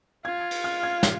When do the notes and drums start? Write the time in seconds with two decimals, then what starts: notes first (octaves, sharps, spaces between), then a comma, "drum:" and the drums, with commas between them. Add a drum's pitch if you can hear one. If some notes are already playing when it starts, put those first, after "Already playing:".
0.25 F4 G#6
0.51 drum: cymbal
0.64 F6
0.83 G#6
1.03 F5, drum: snare